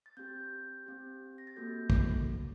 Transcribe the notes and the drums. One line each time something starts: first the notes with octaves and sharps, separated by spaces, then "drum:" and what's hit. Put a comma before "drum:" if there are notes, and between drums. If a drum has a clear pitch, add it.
A6
C4 G4 G6
C4 G4
A#6
A6
A#3 F#4 A4 G6
drum: kick